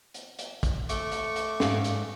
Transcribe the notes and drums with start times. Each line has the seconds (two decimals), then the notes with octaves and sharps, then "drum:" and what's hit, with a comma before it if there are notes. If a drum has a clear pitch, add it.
0.14 drum: hi-hat
0.39 drum: hi-hat
0.63 drum: kick, hi-hat
0.89 A3 C#6 D6, drum: hi-hat
1.12 drum: hi-hat
1.36 drum: hi-hat
1.60 G#2 F5 F#5, drum: snare
1.84 drum: hi-hat